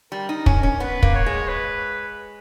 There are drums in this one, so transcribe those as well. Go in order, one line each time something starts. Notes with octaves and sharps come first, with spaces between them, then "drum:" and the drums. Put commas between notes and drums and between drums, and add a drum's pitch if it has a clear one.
G3 A#4
D#4
C#4, drum: kick
C#4
B3 B4
A#3, drum: kick
C#5
G#3
B4